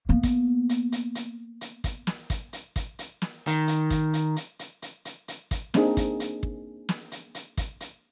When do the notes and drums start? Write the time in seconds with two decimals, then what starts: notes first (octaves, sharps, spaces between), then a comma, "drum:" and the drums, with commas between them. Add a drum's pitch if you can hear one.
0.09 A#3 B3
0.23 drum: kick, hi-hat
0.69 drum: hi-hat
0.92 drum: hi-hat
1.15 drum: hi-hat
1.61 drum: hi-hat
1.84 drum: kick, hi-hat
2.07 drum: snare
2.30 drum: kick, hi-hat
2.53 drum: hi-hat
2.76 drum: kick, hi-hat
2.99 drum: hi-hat
3.22 drum: snare
3.47 D#3, drum: hi-hat
3.68 drum: hi-hat
3.90 drum: kick, hi-hat
4.13 drum: hi-hat
4.36 drum: hi-hat
4.59 drum: hi-hat
4.82 drum: hi-hat
5.05 drum: hi-hat
5.28 drum: hi-hat
5.51 drum: kick, hi-hat
5.74 A#3 C4 D4 D#4 G#4, drum: snare
5.97 drum: kick, hi-hat
6.20 drum: hi-hat
6.43 drum: kick
6.89 drum: snare
7.12 drum: hi-hat
7.35 drum: hi-hat
7.57 drum: kick, hi-hat
7.80 drum: hi-hat